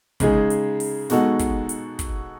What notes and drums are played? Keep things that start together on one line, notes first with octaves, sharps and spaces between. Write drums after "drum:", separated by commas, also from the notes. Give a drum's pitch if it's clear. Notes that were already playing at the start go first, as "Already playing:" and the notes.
C#3 G#3 D#4 G#4, drum: kick, hi-hat
drum: hi-hat
drum: open hi-hat
B2 G#3 D#4 F#4 A4, drum: snare
drum: kick, hi-hat
drum: hi-hat
drum: kick, hi-hat